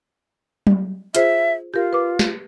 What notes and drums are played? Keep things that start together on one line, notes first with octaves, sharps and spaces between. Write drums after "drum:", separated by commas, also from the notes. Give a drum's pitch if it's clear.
drum: tom F#3
F4 G#4 C5 E5, drum: hi-hat
F4 G4 A#4
B4 D6
drum: snare